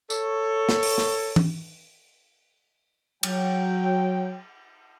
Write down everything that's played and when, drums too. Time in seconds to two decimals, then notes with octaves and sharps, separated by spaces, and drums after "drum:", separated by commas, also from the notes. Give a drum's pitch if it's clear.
0.10 A4 C#5, drum: tambourine
0.69 drum: snare
0.83 drum: open hi-hat
0.98 drum: snare
1.36 drum: tom E3
3.23 F#3 G5, drum: cymbal